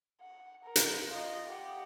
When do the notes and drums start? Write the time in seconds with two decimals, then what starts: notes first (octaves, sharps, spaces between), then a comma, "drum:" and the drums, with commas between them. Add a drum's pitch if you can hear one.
0.21 F#5
0.63 A#4
0.76 drum: hi-hat
1.09 F4 D#5
1.48 G4 F#5